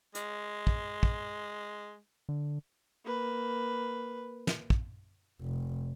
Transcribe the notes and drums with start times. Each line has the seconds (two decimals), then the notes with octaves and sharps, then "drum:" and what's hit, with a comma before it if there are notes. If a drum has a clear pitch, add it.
0.15 G#3, drum: hi-hat
0.67 drum: kick
1.03 drum: kick
2.29 D3
3.04 A#3 B4
4.47 drum: snare
4.70 drum: kick
5.41 F1